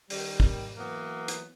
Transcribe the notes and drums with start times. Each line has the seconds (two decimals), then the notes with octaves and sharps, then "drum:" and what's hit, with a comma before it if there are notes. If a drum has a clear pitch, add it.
0.10 D#3 G3, drum: open hi-hat
0.40 drum: kick
0.77 E3 F#3 A#3 B3
1.28 drum: hi-hat